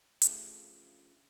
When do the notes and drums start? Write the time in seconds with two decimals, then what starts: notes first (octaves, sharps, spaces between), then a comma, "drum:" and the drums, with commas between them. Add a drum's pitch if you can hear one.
0.22 C#3 F3 A3 D4 G4, drum: hi-hat